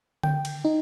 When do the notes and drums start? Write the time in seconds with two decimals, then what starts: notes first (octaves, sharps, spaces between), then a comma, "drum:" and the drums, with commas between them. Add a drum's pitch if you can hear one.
0.23 G5, drum: tom D3
0.45 drum: cymbal
0.65 D#4